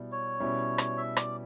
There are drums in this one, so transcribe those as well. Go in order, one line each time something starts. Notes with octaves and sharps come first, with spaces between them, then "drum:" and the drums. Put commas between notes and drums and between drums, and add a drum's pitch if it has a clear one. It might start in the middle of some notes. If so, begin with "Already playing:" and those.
Already playing: B2 G3 B3 E4
C#5
B2 G3 C#4 E4
drum: rim click
E5
D5, drum: rim click